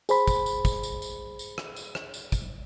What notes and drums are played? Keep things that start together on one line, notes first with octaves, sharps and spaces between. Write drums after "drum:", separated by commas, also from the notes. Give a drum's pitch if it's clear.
G#4 C5 B5, drum: tambourine
drum: kick, tambourine
drum: tambourine
drum: kick, tambourine
drum: tambourine
drum: tambourine
drum: tambourine
drum: rim click
drum: tambourine
drum: rim click
drum: tambourine
drum: kick, tambourine